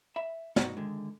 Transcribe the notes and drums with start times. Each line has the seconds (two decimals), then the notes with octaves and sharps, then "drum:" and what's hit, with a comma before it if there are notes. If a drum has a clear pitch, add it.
0.16 E5 B5
0.56 D#4 F#4 B4, drum: snare
0.77 D3 D#3 G#3